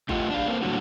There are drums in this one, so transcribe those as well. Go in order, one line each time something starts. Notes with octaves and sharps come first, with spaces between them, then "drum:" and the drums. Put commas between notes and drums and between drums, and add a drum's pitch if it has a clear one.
A3 F4 G4 D#5 F#5, drum: kick G#1
D4 F5
A#3 C4
A2 D3 F#3 G3 F#4